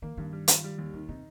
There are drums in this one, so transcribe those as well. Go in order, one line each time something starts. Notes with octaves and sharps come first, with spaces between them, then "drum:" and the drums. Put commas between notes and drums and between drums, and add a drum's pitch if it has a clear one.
D#3 A#3
G2 D#3
G3
F4, drum: hi-hat
G3
D#2
C3 D#3
C3 D#4